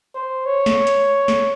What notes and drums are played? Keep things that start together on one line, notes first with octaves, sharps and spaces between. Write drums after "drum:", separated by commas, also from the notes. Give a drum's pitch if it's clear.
C5
C#5
drum: snare
drum: hi-hat
drum: snare